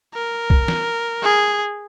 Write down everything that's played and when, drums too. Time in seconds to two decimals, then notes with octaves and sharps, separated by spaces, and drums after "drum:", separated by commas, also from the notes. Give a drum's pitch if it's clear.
0.14 A#4
0.50 drum: kick
0.68 drum: snare
1.23 G#4